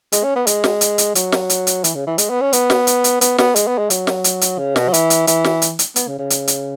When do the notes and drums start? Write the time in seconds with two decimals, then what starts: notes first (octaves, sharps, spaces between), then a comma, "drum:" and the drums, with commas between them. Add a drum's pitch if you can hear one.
0.12 G#3, drum: hi-hat
0.24 C#4
0.36 B3
0.47 G#3, drum: hi-hat
0.64 drum: snare
0.81 drum: hi-hat
0.98 drum: hi-hat
1.15 F#3, drum: hi-hat
1.32 drum: snare
1.50 drum: hi-hat
1.67 drum: hi-hat
1.84 E3, drum: hi-hat
1.95 C#3
2.07 E3
2.18 G#3, drum: hi-hat
2.30 B3
2.41 C#4
2.53 B3, drum: hi-hat
2.70 drum: snare
2.87 drum: hi-hat
3.04 drum: hi-hat
3.21 B3, drum: hi-hat
3.38 B3, drum: snare
3.56 G#3, drum: hi-hat
3.68 B3
3.78 G#3
3.90 F#3, drum: hi-hat
4.07 drum: snare
4.24 drum: hi-hat
4.41 drum: hi-hat
4.58 C#3
4.76 B2, drum: snare
4.89 F#3
4.94 E3, drum: hi-hat
5.10 drum: hi-hat
5.27 E3, drum: hi-hat
5.44 drum: snare
5.62 drum: hi-hat
5.79 drum: hi-hat
5.96 B3, drum: hi-hat
6.08 C#3
6.19 C#3
6.30 drum: hi-hat
6.48 drum: hi-hat